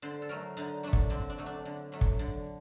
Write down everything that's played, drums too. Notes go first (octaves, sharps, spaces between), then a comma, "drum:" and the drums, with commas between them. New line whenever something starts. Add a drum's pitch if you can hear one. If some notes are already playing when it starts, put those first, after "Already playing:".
D3 C5
A4
F#3 A3 A#4
D3 D#4
F#3 A3 D4
drum: kick
D3 C4
D4
F#3 A3
D4
D3
F#3 A3
drum: kick
D3